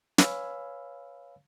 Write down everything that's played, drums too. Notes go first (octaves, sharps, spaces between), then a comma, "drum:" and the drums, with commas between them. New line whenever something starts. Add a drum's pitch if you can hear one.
B4 C#5 F5 G#5 B5 E6, drum: snare